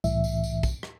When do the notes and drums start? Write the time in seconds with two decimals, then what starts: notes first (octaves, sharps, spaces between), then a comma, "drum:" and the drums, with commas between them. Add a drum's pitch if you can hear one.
0.04 C2 A2 E3 E5, drum: tambourine
0.24 drum: tambourine
0.44 drum: tambourine
0.63 drum: kick, tambourine
0.83 drum: rim click